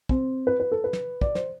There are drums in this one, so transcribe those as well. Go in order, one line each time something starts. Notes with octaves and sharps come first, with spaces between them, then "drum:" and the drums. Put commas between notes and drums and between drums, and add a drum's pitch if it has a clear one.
C4, drum: kick
B4
B4
A4
B4
drum: snare
D5, drum: kick
C5, drum: snare